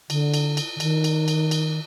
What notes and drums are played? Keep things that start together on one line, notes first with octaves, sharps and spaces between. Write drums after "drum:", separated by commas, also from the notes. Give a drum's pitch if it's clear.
D3, drum: cymbal
drum: cymbal
drum: cymbal
D3
D#3, drum: cymbal
drum: cymbal
drum: cymbal
drum: cymbal